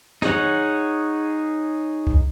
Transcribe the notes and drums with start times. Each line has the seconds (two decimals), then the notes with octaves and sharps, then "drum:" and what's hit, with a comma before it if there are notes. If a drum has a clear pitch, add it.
0.22 D#4 G#4 C#5 F#5, drum: snare
2.07 drum: kick C2